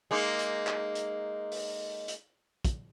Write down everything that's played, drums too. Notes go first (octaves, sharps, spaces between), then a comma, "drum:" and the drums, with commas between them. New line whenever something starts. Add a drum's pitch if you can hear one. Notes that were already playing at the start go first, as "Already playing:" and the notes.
G#3 A#3 D#4
drum: hi-hat
drum: clap
drum: hi-hat
drum: open hi-hat
drum: hi-hat
drum: kick, hi-hat